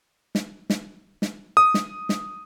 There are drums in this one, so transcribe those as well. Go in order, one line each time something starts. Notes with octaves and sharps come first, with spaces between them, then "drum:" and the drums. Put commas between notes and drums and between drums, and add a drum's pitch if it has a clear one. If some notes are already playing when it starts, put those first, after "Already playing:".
drum: snare
drum: snare
drum: snare
D#6
drum: snare
drum: snare